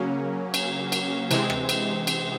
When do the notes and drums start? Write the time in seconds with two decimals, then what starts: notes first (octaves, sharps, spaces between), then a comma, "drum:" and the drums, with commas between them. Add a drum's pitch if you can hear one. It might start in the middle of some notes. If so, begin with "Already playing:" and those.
Already playing: C#3 F#3 A#3 C#4
0.54 drum: cymbal
0.92 drum: cymbal
1.31 C3 E3 G#3 C4, drum: cymbal
1.50 drum: rim click
1.69 drum: cymbal
2.07 drum: cymbal